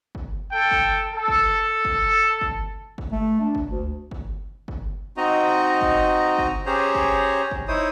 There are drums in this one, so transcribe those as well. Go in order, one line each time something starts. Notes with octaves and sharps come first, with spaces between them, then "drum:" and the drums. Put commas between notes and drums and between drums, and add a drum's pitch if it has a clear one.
drum: kick G1
A4 G5
drum: kick G1
A4
drum: kick G1
drum: kick G1
drum: kick G1
drum: kick G1
A3
D4
drum: kick G1
D2
drum: kick G1
drum: kick G1
C4 D#4 F#4 D#5 A#5
drum: kick G1
drum: kick G1
C#4 G4 G#4 C5 C#5 A#5
drum: kick G1
drum: kick G1
D#4 E4 C5 C#5 D#6